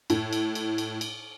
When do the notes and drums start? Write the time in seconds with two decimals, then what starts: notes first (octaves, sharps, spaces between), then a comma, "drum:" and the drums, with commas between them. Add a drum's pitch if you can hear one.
0.10 A2, drum: cymbal
0.33 drum: cymbal
0.55 drum: cymbal
0.78 drum: cymbal
1.01 drum: cymbal